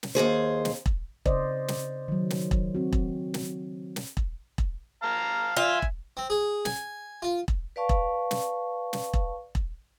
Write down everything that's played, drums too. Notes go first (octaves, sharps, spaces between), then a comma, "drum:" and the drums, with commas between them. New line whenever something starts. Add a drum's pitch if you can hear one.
drum: snare
D#2 B2 G#4 C5
drum: snare
drum: kick E1
C#3 C5 D5 D#5, drum: kick E1
drum: snare
D#3 F#3
drum: snare
drum: kick E1
C4 F#4
drum: kick E1
drum: snare
drum: snare
drum: kick E1
drum: kick E1
F5 A5 A#5
F4 E5 G#5
drum: kick E1
C4
G#4
G#5, drum: snare
F4
drum: kick E1
B4 D5 F5 A5 C#6
drum: kick E1
drum: snare
drum: snare
drum: kick E1
drum: kick E1